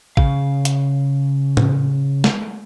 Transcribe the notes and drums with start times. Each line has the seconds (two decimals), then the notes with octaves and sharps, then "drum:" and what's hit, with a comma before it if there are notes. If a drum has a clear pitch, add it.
0.17 C#3 F5, drum: kick A#1
0.65 drum: hi-hat
1.57 drum: tom A2
2.24 drum: snare